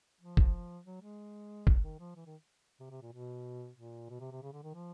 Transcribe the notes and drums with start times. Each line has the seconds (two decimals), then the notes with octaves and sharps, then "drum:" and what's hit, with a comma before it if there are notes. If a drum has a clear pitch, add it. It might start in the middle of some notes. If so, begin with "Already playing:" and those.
0.21 F3
0.37 drum: kick
0.86 F#3
1.02 G#3
1.67 drum: kick
1.82 D#3
1.99 F3
2.15 E3
2.26 D#3
2.80 C3
2.90 C3
3.02 A#2
3.12 B2
3.77 A#2
4.10 B2
4.20 C3
4.32 C3
4.43 C#3
4.53 D3
4.63 D#3
4.74 F3